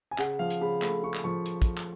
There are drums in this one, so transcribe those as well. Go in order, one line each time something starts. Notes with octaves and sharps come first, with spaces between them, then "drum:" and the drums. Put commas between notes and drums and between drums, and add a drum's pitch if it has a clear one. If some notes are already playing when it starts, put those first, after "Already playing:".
G#5
C#3 F#5, drum: clap
F3 F5
drum: hi-hat
C#3 B5
A3 B5, drum: clap
C#3 C#6
drum: clap
F3 C#6
drum: hi-hat
drum: kick, hi-hat
drum: clap